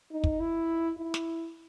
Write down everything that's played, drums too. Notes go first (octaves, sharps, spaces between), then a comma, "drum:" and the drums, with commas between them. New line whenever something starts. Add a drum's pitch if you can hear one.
D#4
drum: kick
E4
E4
drum: snare